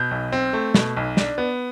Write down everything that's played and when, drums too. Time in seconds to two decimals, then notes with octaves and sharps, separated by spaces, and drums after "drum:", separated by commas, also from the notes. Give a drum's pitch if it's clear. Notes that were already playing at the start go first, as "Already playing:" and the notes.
Already playing: B2 G6
0.11 B1
0.32 C4
0.53 A3
0.74 B2, drum: snare
0.97 B1
1.17 D4, drum: snare
1.38 B3